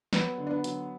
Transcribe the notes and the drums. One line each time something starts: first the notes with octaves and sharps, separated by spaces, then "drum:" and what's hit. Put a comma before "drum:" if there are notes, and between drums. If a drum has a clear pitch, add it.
F#3 B3, drum: snare
D3
D4
B3
F#3, drum: hi-hat